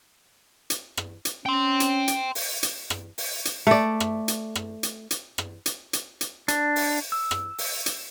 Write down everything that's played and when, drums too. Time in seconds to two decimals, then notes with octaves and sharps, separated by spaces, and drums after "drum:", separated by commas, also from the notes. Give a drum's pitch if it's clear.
0.70 drum: hi-hat
0.97 drum: rim click
1.25 drum: hi-hat
1.46 C#4 G5 C6
1.80 drum: hi-hat
2.08 drum: hi-hat
2.35 drum: open hi-hat
2.63 drum: hi-hat
2.90 drum: rim click
3.18 drum: open hi-hat
3.45 drum: hi-hat
3.67 A3 D5
4.00 drum: rim click
4.28 drum: hi-hat
4.55 drum: rim click
4.83 drum: hi-hat
5.11 drum: hi-hat
5.38 drum: rim click
5.66 drum: hi-hat
5.93 drum: hi-hat
6.21 drum: hi-hat
6.48 D4, drum: hi-hat
6.76 drum: open hi-hat
7.12 E6
7.31 drum: rim click
7.58 drum: open hi-hat
7.86 drum: hi-hat